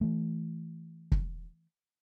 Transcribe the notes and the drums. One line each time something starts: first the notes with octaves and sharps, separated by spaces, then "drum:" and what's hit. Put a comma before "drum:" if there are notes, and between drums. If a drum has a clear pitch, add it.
E3 A3
drum: kick